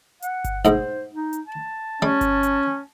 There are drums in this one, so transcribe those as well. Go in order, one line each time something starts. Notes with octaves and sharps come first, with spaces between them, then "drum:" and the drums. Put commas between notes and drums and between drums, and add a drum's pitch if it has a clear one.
F#5, drum: hi-hat
drum: kick G1, hi-hat
B1 G#2 C5, drum: hi-hat
D#4
drum: hi-hat
A5
G3 C#4
drum: kick G1, hi-hat
drum: hi-hat